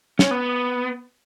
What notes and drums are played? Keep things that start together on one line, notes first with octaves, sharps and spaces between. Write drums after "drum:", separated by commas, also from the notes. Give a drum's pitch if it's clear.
C#4, drum: snare
B3